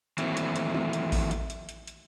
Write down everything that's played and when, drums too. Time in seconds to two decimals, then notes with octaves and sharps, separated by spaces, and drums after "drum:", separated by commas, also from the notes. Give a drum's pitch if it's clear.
0.18 D#3 E3 F#3 A3 A#3 C4, drum: hi-hat
0.37 drum: hi-hat
0.56 drum: hi-hat
0.74 drum: tom
0.93 drum: hi-hat
1.12 drum: kick A1, open hi-hat
1.31 drum: hi-hat
1.50 drum: hi-hat
1.69 drum: hi-hat
1.87 drum: hi-hat